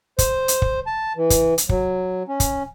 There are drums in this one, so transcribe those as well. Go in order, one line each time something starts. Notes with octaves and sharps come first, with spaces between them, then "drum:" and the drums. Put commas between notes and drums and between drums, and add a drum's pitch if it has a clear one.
C5, drum: kick, hi-hat
drum: hi-hat
drum: kick
A5
E3
drum: kick, hi-hat
drum: hi-hat
F#3, drum: kick
C#4
drum: kick, hi-hat